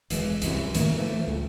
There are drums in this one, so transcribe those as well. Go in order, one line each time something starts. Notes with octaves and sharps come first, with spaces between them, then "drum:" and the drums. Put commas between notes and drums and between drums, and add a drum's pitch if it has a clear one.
E1 E3 G#3, drum: hi-hat
C2 F#2 E3, drum: hi-hat
A2 D#3 A3 A#3, drum: hi-hat
E3 F3
A3
C#2